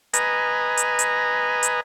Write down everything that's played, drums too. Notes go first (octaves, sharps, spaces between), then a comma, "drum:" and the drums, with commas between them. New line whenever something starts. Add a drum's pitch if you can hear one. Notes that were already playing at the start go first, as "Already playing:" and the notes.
B4 D#5 G#5 A#5, drum: hi-hat
drum: hi-hat
drum: hi-hat
drum: hi-hat